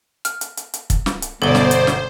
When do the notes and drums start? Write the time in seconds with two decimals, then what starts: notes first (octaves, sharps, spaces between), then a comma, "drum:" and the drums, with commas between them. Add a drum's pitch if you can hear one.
0.25 F6, drum: hi-hat
0.41 drum: hi-hat
0.57 drum: hi-hat
0.74 drum: hi-hat
0.90 drum: kick, hi-hat
1.06 drum: snare
1.22 drum: hi-hat
1.42 G1 B2 A4 C5 D5 G7
1.55 drum: snare
1.71 drum: hi-hat
1.87 drum: snare